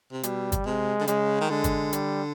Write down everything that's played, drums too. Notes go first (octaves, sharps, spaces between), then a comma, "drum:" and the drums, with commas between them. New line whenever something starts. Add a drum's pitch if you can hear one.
C3
B2 G3, drum: hi-hat
drum: kick, hi-hat
C3 G#3
D3
C#3 G#3, drum: hi-hat
D#3
D3 G#3
drum: kick, hi-hat
G3, drum: hi-hat